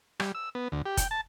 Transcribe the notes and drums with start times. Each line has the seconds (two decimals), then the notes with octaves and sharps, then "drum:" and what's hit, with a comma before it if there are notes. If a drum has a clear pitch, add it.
0.20 G3, drum: rim click
0.35 E6
0.55 B3
0.72 D2
0.86 G4
0.97 G5, drum: kick F1, hi-hat
1.11 A5